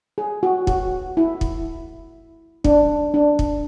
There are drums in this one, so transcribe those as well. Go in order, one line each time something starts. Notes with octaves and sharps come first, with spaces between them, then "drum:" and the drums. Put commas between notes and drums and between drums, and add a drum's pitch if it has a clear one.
G#4
F#4
F#4, drum: kick
E4
drum: kick
D4, drum: kick
D4
drum: kick